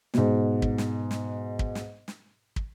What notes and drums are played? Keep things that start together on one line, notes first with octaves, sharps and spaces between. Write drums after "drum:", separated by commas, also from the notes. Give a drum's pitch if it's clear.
G#2 B2, drum: snare
drum: kick
drum: snare
drum: snare
drum: kick
drum: snare
drum: snare
drum: kick